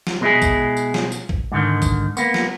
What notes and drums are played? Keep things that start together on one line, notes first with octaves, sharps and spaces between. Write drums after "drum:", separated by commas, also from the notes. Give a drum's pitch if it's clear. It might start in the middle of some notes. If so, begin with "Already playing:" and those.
drum: snare
B2 G#3 E4 G#4
drum: kick, tambourine
drum: tambourine
drum: snare
drum: tambourine
drum: kick
G#2 D3 D#3
drum: kick, tambourine
A#3 B3, drum: tambourine
drum: snare